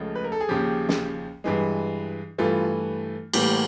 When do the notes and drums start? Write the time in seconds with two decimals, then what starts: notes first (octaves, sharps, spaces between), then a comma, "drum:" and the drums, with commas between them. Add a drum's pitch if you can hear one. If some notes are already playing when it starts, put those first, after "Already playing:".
Already playing: C#2 C#3 F3 A3
0.15 B4
0.24 A#4
0.32 A4
0.41 G#4
0.48 D#2 C#3 F3 G4
0.89 drum: snare
1.44 G2 E3 G#3
2.38 G2 E3 A3 F4
3.33 A2 E3 G3 A#3 G4, drum: cymbal